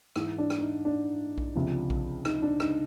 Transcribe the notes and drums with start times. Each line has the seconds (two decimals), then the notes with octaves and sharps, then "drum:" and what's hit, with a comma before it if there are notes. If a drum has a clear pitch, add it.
0.16 G#2 E3, drum: rim click
0.38 D4
0.50 drum: rim click
0.61 D#4
0.85 D4
1.38 drum: kick A#1
1.55 C#2 C3 F3
1.90 drum: kick A#1
2.25 D#4, drum: rim click
2.42 D4
2.60 D#4, drum: rim click